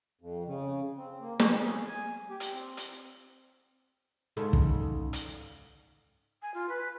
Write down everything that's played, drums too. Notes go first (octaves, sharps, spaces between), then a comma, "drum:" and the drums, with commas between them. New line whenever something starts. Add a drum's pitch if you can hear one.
F2
C#3
C4
A#3
G#4, drum: snare
G#5
G4
drum: hi-hat
C4
drum: hi-hat
G#2 C#3 A4
drum: kick
drum: hi-hat
G#5
F4
B4